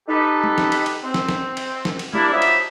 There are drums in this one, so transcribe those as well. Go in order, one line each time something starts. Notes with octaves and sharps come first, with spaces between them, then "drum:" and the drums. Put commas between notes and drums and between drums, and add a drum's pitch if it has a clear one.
D#4 G4 A4 B4
drum: tom
drum: snare
drum: cymbal
drum: cymbal
C4
drum: snare
drum: snare
drum: cymbal
drum: snare
drum: cymbal
G3 A#3 D4 E4, drum: tom
F3 F#3 B3 D#4 D5 E5
drum: cymbal